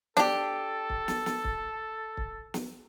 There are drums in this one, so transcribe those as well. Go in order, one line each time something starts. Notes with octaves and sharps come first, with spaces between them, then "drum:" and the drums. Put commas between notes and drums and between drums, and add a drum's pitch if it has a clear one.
D4 G4 A4, drum: snare
drum: kick
drum: snare
drum: snare
drum: kick
drum: kick
drum: snare